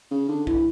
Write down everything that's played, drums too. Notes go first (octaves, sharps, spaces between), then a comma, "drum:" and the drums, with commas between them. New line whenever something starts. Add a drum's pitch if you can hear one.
C#3
D3
E3, drum: kick B1